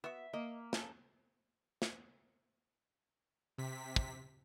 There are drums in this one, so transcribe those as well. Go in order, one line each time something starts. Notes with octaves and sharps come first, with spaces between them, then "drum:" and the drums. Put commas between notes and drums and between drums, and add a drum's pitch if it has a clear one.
B3 F#4 E5
A#3 D#5
C#3 A4, drum: snare
drum: snare
C3 B6
drum: kick